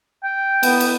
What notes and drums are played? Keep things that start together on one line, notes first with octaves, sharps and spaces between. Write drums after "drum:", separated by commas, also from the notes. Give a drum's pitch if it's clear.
G5
B3, drum: cymbal
drum: cymbal